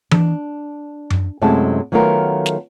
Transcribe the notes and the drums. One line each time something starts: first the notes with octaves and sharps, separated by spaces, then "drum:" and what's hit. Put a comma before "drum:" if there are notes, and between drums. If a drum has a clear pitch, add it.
D4, drum: tom E3
drum: tom F#2
F#2 C3 G#3 A3 E4 A5
D#3 F#3 A3 B3 F4 A#4
drum: snare